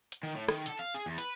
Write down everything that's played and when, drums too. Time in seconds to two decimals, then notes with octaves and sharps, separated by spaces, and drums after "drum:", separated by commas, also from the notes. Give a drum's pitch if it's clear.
0.12 drum: hi-hat
0.23 D#3
0.35 A2
0.48 D#3, drum: rim click
0.66 A4, drum: hi-hat
0.79 F5
0.94 G#4
1.06 E2
1.18 B4, drum: hi-hat